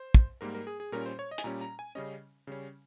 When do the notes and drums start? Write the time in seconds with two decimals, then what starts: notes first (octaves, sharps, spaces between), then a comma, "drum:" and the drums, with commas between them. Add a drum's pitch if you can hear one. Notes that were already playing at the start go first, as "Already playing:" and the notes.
Already playing: C5
0.14 drum: kick
0.41 G#2 G3 A#3 A#4
0.55 A#4
0.67 G#4
0.80 G#4
0.92 A#2 G3 C#4 A#4
1.06 C5
1.19 C#5
1.31 D#5
1.38 G#5, drum: hi-hat
1.44 A#2 G3 C#4 A#5
1.61 A#5
1.79 G#5
1.95 C#3 G3 C#4 D#5
2.47 C#3 G3 C#4